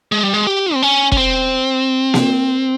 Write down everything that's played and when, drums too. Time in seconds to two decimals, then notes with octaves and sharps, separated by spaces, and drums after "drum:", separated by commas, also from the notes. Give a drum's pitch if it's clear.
0.12 G#3
0.23 G3
0.34 G#3
0.47 G4
0.74 C4
0.82 C#4
1.12 C#4, drum: kick F1
1.18 C4
2.14 drum: snare A#3